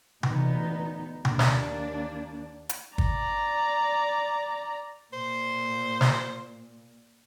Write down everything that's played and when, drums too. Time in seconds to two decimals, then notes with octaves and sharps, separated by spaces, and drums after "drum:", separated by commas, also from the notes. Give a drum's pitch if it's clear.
0.23 D2 A#2 E3 B3 D#4, drum: tom C3
1.25 D#2 A#3 D4, drum: tom C3
1.39 drum: snare
2.69 drum: hi-hat
2.98 D5 A#5, drum: kick
5.13 A#2 C5
6.01 drum: snare